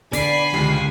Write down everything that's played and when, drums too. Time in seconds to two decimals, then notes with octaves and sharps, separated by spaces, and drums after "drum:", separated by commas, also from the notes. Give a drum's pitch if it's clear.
0.13 D3 B3 D4 D5 G#5 B5 C7, drum: hi-hat
0.54 C#2 G4, drum: tom D3